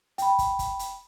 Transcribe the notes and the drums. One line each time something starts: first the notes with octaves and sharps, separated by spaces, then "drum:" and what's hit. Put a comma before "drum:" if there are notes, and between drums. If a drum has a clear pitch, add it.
G5 B5, drum: hi-hat
drum: kick, hi-hat
drum: kick, hi-hat
drum: hi-hat